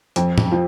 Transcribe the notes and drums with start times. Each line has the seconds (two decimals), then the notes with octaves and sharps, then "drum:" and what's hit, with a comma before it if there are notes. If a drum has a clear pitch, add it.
0.16 F2, drum: hi-hat
0.38 drum: tom
0.52 F3